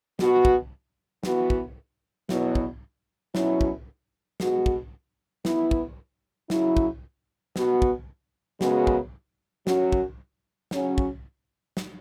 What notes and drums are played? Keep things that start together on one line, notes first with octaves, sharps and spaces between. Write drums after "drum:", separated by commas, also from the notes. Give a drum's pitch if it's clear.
B2 B3 F#4, drum: snare
drum: kick
E3 B3 F#4, drum: snare
drum: kick
E2 B2 F#3 B3 E4, drum: snare
drum: kick
B2 F#3 C#4 E4, drum: snare
drum: kick
B2 G#3 B3 F#4, drum: snare
drum: kick
E3 B3 E4, drum: snare
drum: kick
C#3 F#3 E4, drum: snare
drum: kick
B2 B3 F#4, drum: snare
drum: kick
F#2 C#3 G#3 B3 F#4, drum: snare
drum: kick
F#2 F#3 C#4 F#4, drum: snare
drum: kick
C#3 F#3 C#4 F#4, drum: snare
drum: kick
drum: snare